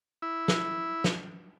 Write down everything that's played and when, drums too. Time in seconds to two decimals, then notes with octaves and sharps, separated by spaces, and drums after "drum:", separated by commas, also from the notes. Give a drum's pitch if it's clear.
0.22 E4
0.48 drum: snare
1.04 drum: snare